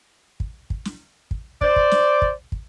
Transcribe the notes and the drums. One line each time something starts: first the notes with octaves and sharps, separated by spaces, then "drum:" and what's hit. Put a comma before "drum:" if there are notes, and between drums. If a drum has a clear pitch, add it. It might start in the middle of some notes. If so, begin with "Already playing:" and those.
drum: kick
drum: kick
drum: snare
drum: kick
C5 D5, drum: kick
drum: kick
drum: snare
drum: kick
drum: kick